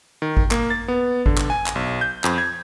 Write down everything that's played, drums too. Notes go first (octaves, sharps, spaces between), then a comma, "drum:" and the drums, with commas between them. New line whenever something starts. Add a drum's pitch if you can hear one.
D#3
drum: kick G#1
A#3, drum: clap
A6
B3
D3, drum: kick G#1
drum: clap
G#5
drum: clap
B1
G6
F2, drum: clap
G#6